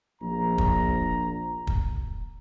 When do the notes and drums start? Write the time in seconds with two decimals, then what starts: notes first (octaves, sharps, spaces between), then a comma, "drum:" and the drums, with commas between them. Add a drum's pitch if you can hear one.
0.22 A#1 A#5
0.58 drum: kick
1.67 drum: kick